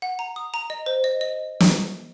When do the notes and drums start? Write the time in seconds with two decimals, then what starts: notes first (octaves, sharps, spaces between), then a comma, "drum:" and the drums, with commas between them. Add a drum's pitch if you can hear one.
0.02 F#5
0.19 A#5
0.36 D#6
0.54 A#5
0.70 D#5
0.86 C5
1.04 D#5
1.21 D#5
1.60 drum: snare